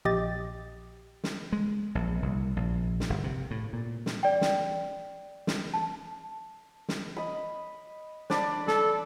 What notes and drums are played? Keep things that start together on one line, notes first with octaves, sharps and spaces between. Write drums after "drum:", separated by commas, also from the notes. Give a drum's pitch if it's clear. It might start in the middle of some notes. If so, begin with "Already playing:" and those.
A#1 G4 D#5 A6
drum: snare
G#3
A#1
C2
A#1
drum: snare
G1
C3
A2
A#2
drum: snare
D5 G5
drum: snare
drum: snare
A5
drum: snare
D#5 B5
D4 D5 B5, drum: snare
A4, drum: snare